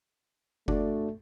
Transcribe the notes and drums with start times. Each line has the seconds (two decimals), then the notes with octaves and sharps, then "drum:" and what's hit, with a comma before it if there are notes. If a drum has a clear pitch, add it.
0.68 A3 D4 F#4 D5, drum: kick F1